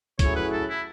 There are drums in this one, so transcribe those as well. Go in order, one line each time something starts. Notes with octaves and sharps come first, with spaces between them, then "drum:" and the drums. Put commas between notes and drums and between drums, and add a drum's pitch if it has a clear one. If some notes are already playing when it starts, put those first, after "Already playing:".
A2 F#3 C#4 E4 G#4 C#5, drum: kick, hi-hat
B4
A4
E4